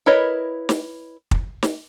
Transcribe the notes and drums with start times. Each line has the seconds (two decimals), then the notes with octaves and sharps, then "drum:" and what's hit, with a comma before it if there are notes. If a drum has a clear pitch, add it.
0.06 E4 A#4 B4 C#5 D#5
0.69 drum: snare
1.31 drum: kick
1.63 drum: snare